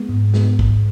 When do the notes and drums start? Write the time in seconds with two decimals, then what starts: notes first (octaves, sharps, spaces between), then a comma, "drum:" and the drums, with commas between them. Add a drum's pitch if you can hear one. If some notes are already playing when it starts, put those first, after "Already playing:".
Already playing: G#3 B3
0.09 G#2
0.34 G#3 B3, drum: snare
0.59 G#2, drum: kick